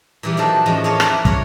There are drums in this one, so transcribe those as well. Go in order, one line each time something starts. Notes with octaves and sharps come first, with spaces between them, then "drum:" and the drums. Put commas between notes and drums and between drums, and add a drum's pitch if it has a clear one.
A#2 E3 G3
D#3 F3 F#3 D4 A4 D#5
E2 A2 F3 G#3 C#4 D#5
A#3 A4 A#4 C#5 D#5 F5
A#3 D4 E4 A#4 B4, drum: rim click
F4 A#4 C#5, drum: kick